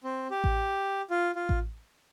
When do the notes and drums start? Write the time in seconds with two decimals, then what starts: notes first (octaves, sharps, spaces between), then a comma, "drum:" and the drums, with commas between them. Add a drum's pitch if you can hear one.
0.04 C4
0.30 G4
0.44 drum: kick A1
1.10 F4
1.35 F4
1.49 drum: kick A1